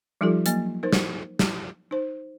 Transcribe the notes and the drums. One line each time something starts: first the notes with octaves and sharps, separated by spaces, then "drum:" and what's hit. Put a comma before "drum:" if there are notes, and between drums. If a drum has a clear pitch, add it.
F3 G3 D#4 F4 G4 A4
F#3 A#3, drum: hi-hat
D#4 A#4 C5
drum: snare
drum: snare
D#4 C5